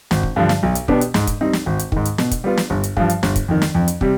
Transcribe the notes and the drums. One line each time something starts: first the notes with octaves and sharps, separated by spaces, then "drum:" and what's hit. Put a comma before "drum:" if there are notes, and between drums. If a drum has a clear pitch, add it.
G#1, drum: snare
drum: kick
G2 D3 F3
drum: snare
B1
drum: hi-hat
B2 B3 D4 G4, drum: kick
drum: hi-hat
G#2, drum: snare
drum: kick, hi-hat
G3 C4 D#4
drum: snare
G#1
drum: hi-hat
G#2 D#3, drum: kick
drum: hi-hat
B2, drum: snare
drum: kick, hi-hat
G3 B3 F4
drum: snare
G1
drum: hi-hat
G2 F3, drum: kick
drum: hi-hat
G1, drum: snare
drum: kick, hi-hat
F2 D#3
drum: snare
F2
drum: hi-hat
C3 G3, drum: kick